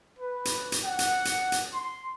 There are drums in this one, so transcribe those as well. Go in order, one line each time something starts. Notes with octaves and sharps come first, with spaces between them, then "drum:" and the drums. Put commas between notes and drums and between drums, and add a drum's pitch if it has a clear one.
B4
drum: hi-hat
drum: hi-hat
F#5
drum: hi-hat
drum: hi-hat
drum: hi-hat
C6